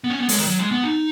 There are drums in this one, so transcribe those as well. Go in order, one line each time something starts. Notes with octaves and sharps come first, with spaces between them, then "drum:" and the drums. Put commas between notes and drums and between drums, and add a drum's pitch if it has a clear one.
B3
C#4
B3
G#3, drum: open hi-hat
D#3
F#3
G#3
B3
D#4